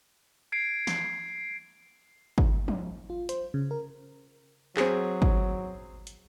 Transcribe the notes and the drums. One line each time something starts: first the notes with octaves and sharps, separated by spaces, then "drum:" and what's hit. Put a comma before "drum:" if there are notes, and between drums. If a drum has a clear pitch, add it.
G#6 C7 D7
drum: snare
drum: kick
drum: tom F3
F4
C5, drum: hi-hat
C#3
A#4
F#3 C4 G#4, drum: clap
drum: kick
drum: hi-hat